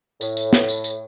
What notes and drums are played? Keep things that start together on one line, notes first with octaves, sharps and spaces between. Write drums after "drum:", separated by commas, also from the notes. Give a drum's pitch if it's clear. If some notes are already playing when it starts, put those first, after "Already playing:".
A2, drum: tambourine
drum: tambourine
drum: snare
drum: tambourine
drum: tambourine